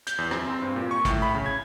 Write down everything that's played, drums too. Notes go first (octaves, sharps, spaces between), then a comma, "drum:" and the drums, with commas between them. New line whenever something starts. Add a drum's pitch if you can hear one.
G6, drum: hi-hat
E2
C4, drum: rim click
C4
G2
A#2
C#6
A2, drum: kick, hi-hat
B5
C#3
G#6